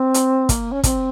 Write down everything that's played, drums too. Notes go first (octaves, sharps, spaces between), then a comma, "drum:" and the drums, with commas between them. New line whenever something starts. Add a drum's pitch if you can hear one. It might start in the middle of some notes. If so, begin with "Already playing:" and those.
Already playing: C4
drum: hi-hat
A#3, drum: kick, hi-hat
C#4
C4, drum: kick, hi-hat